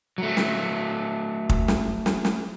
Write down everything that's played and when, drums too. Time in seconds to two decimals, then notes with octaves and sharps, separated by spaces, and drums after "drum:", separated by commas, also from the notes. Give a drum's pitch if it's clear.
0.18 F#3 A3
0.37 drum: snare
1.49 drum: kick
1.68 drum: snare
2.06 drum: snare
2.25 drum: snare